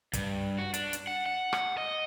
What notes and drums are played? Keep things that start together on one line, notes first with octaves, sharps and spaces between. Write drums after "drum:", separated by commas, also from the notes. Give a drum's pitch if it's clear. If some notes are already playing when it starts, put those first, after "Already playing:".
G2, drum: kick, hi-hat
F#4
D4, drum: hi-hat
drum: hi-hat
F#5
F#5
drum: rim click
D#5